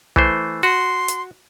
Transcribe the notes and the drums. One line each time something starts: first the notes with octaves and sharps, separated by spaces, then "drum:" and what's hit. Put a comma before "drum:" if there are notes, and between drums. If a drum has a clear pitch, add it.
E3 A3 C5, drum: kick
F#4 C6
drum: hi-hat